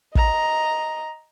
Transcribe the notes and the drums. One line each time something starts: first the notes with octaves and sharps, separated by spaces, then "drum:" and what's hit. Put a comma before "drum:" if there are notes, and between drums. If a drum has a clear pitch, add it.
D#5 A#5, drum: kick